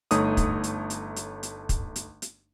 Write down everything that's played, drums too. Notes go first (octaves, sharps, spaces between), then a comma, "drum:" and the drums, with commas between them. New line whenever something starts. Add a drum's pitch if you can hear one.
G1 A3 D#4 C#5 D#6, drum: hi-hat
drum: kick, hi-hat
drum: hi-hat
drum: hi-hat
drum: hi-hat
drum: hi-hat
drum: kick, hi-hat
drum: hi-hat
drum: hi-hat